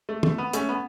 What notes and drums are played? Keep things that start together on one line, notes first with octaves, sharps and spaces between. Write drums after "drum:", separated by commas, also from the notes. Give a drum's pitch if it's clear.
A3
A3, drum: tom
B3
A3 C#4, drum: hi-hat
B3